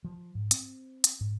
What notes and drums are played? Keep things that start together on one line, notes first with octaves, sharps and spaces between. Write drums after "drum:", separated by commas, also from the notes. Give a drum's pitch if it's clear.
F3
G#2
C4, drum: hi-hat
drum: hi-hat
G#2